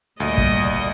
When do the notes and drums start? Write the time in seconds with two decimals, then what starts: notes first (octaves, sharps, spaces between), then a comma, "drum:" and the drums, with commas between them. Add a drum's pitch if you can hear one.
0.20 D2 A#2 G3 D5 D#5, drum: hi-hat
0.38 drum: kick